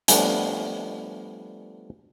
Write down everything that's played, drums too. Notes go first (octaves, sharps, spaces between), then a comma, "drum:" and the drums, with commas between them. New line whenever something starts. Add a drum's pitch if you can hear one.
F3 G3 A3 B3 D4, drum: hi-hat